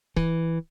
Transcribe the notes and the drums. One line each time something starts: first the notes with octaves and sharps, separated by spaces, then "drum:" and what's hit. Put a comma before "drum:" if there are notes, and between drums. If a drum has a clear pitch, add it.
E3, drum: kick C#1